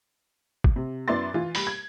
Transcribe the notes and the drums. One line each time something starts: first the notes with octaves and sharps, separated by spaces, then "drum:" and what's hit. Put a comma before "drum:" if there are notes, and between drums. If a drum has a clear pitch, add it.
drum: kick
C3
F#2 B3 E4 D5 C6 A6
E3 F4
G3 B5 F#7, drum: open hi-hat
G#6